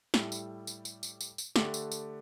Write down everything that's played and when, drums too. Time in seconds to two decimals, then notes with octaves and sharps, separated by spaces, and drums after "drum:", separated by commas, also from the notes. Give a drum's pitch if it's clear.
0.14 A2 G3 E4 A4, drum: snare
0.32 drum: tambourine
0.67 drum: tambourine
0.85 drum: tambourine
1.03 drum: tambourine
1.21 drum: tambourine
1.38 drum: tambourine
1.56 D3 A3 D4 G4, drum: snare
1.74 drum: tambourine
1.92 drum: tambourine